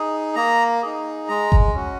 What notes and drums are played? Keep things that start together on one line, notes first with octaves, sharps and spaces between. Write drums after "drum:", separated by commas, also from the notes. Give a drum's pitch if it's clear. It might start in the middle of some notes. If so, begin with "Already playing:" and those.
Already playing: D#4 G#4
A#3 A#5
D#4 G#4
G#3 A#5
drum: kick G1
C#4 F#4